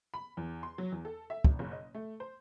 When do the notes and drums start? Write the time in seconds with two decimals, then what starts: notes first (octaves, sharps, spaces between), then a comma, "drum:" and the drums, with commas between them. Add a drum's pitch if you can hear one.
0.14 B5
0.37 E2
0.63 C6
0.78 F#3
0.92 E2
1.05 A4
1.30 E5
1.44 G#1, drum: kick
1.59 F#1
1.72 D#5
1.95 A3
2.20 C5